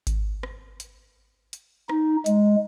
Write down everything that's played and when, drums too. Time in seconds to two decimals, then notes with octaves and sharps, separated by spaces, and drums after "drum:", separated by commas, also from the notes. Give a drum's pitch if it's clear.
0.07 drum: kick G#1, hi-hat
0.43 drum: rim click
0.80 drum: hi-hat
1.53 drum: hi-hat
1.89 D#4, drum: rim click
2.26 G#3, drum: hi-hat